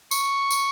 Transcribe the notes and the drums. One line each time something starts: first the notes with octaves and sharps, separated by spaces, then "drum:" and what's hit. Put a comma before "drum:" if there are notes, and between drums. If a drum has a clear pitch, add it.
C#6, drum: tambourine
drum: tambourine